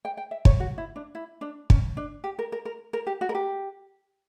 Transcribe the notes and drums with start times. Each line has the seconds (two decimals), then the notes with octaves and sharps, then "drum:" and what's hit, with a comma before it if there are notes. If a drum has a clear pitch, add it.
0.05 G5
0.17 G5
0.31 E5
0.45 C#5, drum: kick
0.60 F#4
0.78 E4
0.96 D4
1.15 E4
1.41 D4
1.70 C#4, drum: kick
1.97 D4
2.24 G4
2.39 A#4
2.52 A#4
2.65 A#4
2.93 A#4
3.07 G4
3.21 F#4
3.29 A#4
3.35 G4